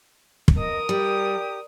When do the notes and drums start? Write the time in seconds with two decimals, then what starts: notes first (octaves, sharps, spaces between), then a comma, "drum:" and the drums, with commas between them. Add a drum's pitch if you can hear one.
0.48 drum: kick
0.57 A#4 D#5 D#6
0.89 G3 G4